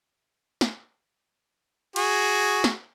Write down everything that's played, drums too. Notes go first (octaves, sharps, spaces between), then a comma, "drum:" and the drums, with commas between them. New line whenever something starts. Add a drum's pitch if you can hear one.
drum: snare
F#4 G#4, drum: cymbal
drum: snare